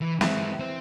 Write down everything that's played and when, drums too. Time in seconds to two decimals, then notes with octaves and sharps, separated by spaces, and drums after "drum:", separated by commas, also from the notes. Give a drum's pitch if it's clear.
0.01 E3
0.21 E3 G#3 C4, drum: snare
0.60 C4